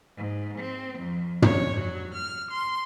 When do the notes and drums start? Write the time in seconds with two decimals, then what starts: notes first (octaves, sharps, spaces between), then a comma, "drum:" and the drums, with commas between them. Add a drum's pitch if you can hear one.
0.16 G#2
0.58 C4
0.98 F2
1.42 C#5, drum: tom
1.78 F#3
2.12 F6
2.50 C6